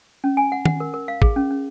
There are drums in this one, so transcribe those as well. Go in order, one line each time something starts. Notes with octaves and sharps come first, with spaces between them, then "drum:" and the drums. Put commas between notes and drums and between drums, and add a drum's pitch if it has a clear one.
C#4
G#5
F#5
F#5, drum: tom
A#4
A#4
F5
G#4, drum: kick G#1
C#4
C#4